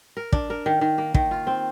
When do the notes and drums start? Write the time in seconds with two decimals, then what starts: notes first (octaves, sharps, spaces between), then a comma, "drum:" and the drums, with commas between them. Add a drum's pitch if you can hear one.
0.17 A#4
0.32 D4, drum: kick
0.50 A#4
0.66 D#3
0.81 D#3
0.98 A#3
1.14 D#3, drum: kick
1.31 F4
1.47 C4